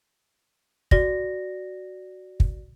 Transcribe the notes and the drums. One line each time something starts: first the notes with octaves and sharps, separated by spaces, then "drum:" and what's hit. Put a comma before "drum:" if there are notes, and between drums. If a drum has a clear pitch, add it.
F#4 D5 A#6, drum: kick
drum: kick